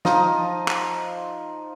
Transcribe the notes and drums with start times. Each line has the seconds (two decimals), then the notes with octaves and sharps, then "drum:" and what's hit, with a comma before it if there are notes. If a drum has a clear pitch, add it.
0.05 F3 D#4 D#5 F5, drum: snare
0.68 drum: clap